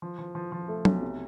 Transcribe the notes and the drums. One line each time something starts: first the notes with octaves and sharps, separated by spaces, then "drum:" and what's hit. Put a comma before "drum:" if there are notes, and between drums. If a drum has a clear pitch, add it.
F3
F3
F3
F3
A3
B1, drum: tom F#3
C3